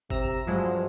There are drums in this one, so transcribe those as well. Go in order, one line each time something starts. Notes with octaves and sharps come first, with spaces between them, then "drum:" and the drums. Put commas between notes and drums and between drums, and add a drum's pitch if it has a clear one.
C3 A#5 E6, drum: kick G1
G2 F3 F#3 G#3